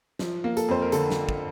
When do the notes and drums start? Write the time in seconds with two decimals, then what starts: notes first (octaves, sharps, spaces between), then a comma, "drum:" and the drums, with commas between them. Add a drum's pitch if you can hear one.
0.19 F3, drum: snare
0.44 A#3
0.57 A4, drum: hi-hat
0.69 F2 C5
0.82 A#4
0.92 D3 A4, drum: hi-hat
1.11 drum: snare
1.29 drum: kick